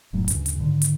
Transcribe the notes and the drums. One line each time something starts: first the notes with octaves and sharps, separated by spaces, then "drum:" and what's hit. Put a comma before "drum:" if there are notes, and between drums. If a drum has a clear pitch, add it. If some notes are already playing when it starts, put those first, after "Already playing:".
F1 A2 F#3
D2 G2 A#2 C#3, drum: hi-hat
drum: hi-hat
G#2 D3 D#3
drum: hi-hat